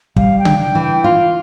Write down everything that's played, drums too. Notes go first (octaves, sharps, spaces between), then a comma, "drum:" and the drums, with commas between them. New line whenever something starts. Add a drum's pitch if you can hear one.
G3 F5, drum: kick
G5
D4, drum: tom C#3
G5
E3
G5
F4 F5